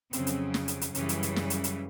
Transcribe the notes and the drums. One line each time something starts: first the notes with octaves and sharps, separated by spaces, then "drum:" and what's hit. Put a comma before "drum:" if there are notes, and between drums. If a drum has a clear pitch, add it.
F2 C#3 F#3 C4, drum: hi-hat
drum: hi-hat
drum: snare
drum: hi-hat
drum: hi-hat
F#2 C#3 E3 G3 C#4, drum: hi-hat
drum: hi-hat
drum: hi-hat
drum: snare
drum: hi-hat
drum: hi-hat